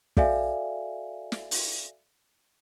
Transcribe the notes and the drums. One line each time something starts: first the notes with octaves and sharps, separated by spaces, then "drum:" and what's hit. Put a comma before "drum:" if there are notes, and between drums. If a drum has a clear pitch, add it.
F#4 A4 D5 E5 F5 G#5, drum: kick
drum: snare
drum: open hi-hat